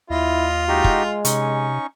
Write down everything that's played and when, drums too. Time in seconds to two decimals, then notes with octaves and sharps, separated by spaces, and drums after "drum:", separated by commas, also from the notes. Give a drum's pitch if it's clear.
0.10 D#2 E4 F4 D#5
0.68 G#3 D#4 F#4 G4
0.84 drum: kick
1.25 C3 C#4 D#4 C#6, drum: hi-hat